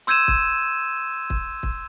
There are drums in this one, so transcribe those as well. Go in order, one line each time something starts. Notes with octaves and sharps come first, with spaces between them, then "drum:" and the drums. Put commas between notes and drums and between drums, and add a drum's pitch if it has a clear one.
C6 E6 G6 G#6 D#7 E7, drum: hi-hat
drum: kick
drum: kick
drum: kick